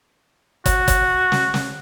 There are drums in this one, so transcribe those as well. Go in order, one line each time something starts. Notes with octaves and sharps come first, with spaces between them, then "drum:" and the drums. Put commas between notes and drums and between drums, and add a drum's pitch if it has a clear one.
F#4, drum: kick, hi-hat
drum: kick, hi-hat
drum: snare
drum: snare